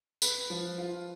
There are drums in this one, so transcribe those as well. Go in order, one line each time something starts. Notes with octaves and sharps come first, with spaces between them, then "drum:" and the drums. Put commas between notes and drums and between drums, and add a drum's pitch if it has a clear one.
B4, drum: tambourine
F3
F4